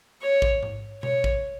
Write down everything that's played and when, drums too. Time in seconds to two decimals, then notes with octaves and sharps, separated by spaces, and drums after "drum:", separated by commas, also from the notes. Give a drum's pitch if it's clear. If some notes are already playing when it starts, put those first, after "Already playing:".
0.22 C#5
0.42 drum: kick
0.63 drum: tom G#2
1.03 C#5, drum: tom B2
1.24 drum: kick